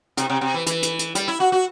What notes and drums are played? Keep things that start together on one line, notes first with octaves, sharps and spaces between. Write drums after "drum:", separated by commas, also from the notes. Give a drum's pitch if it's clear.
C3, drum: hi-hat
C3
C3
E3
E3, drum: hi-hat
drum: hi-hat
drum: hi-hat
G3, drum: hi-hat
E4
F#4
F#4